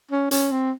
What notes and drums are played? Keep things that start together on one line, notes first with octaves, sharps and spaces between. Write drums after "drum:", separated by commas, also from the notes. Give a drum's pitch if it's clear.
C#4
C#4, drum: hi-hat
C4